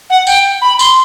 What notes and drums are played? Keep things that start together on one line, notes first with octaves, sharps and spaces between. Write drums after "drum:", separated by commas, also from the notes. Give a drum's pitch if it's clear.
F#5
G5, drum: tambourine
B5
C6, drum: tambourine